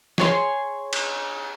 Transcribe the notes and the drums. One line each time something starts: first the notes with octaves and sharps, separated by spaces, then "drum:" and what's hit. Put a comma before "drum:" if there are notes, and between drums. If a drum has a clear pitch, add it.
G#4 C#5 C6, drum: snare
drum: cymbal